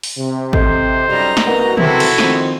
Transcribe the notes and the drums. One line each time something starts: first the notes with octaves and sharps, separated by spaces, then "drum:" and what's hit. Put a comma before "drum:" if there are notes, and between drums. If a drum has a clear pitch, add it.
drum: open hi-hat
C3
A4 C5 D#5, drum: kick G#1
F#2 G3 D#4 A#5
drum: snare
C2 A#3 F#4 A#4 B4 F#5
B1 C3 E4 F#4 A4, drum: tom
drum: cymbal
D#3 F3 C4 F4 D#7, drum: snare